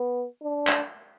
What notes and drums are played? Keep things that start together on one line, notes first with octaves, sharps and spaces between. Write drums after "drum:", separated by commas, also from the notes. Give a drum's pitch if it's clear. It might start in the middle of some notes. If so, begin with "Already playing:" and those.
Already playing: B3
D4
drum: clap